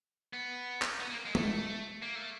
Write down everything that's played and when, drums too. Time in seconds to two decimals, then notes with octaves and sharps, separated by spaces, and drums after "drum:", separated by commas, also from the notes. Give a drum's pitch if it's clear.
0.33 B3
0.82 drum: clap
1.00 B3
1.10 A#3
1.26 G#3
1.35 A3, drum: tom G#3
2.02 A#3
2.15 A3